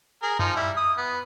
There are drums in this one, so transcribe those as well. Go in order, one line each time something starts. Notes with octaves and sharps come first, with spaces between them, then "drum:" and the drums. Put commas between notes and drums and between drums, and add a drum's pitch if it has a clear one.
G#4 A#4
F3 D#4, drum: tom F#2
G3 E4
D#6
B3